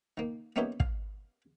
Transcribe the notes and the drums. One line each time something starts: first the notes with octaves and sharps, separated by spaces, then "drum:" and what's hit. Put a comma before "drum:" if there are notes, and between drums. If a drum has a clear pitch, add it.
D#3 A#3
A#3 B3 C#4 D#4 E4 G4
F5, drum: kick